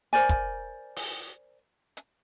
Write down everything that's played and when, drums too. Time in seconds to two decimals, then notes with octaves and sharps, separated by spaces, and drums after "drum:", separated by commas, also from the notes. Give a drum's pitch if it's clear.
0.13 A#4 C5 D5 G#5
0.29 drum: kick, hi-hat
0.96 drum: open hi-hat
1.97 drum: hi-hat